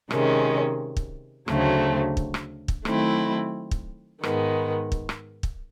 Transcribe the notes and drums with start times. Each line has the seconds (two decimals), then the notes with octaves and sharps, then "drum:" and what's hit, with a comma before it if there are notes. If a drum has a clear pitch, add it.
0.11 C3 D#3 G#3 C#4, drum: rim click
0.97 drum: kick
1.48 D2 C#3 F#3 A3 C4, drum: rim click
2.17 drum: kick
2.34 drum: rim click
2.68 drum: kick
2.85 D#3 F#3 A3 C4 E4, drum: rim click
3.71 drum: kick
4.23 G#2 D#3 G#3 B3, drum: rim click
4.92 drum: kick
5.09 drum: rim click
5.43 drum: kick